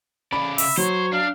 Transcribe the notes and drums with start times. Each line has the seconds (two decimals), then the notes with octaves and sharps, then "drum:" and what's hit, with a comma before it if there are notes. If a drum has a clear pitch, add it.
0.33 C#3 D5 B5
0.58 E5, drum: open hi-hat
0.77 F#3 C5 C#5
1.13 D4 F5